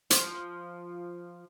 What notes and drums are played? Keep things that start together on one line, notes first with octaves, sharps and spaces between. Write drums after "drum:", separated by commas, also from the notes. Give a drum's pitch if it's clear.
F3, drum: hi-hat